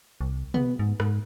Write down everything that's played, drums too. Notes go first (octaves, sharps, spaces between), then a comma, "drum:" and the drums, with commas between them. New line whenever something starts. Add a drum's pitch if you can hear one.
C2
B3, drum: tom B2
G#2
G#2, drum: rim click